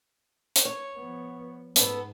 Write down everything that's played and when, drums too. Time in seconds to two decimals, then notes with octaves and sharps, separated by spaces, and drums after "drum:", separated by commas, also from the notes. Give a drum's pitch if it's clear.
0.56 drum: hi-hat
0.65 C#5
0.96 F3 B3
1.76 G#2 B3 A4, drum: hi-hat